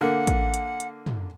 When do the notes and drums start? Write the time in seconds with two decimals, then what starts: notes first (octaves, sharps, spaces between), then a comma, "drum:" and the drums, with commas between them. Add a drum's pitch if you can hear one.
0.01 D3 A#3 F#5
0.27 drum: kick, hi-hat
0.54 drum: hi-hat
0.80 drum: hi-hat
1.06 drum: tom